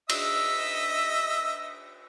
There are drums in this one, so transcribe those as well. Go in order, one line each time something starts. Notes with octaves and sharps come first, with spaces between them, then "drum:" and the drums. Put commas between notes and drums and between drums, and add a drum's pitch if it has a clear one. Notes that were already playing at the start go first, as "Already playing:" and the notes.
D#5 E5 E6, drum: cymbal